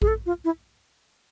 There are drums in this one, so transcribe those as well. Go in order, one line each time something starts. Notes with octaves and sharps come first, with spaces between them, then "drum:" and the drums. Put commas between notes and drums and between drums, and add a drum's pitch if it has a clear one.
G#4, drum: kick A#1
A4
F4
E4